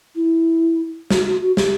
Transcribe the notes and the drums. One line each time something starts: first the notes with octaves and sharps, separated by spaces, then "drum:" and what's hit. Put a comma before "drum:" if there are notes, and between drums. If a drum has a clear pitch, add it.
E4
F#4, drum: snare
F#4
F#4
G4, drum: snare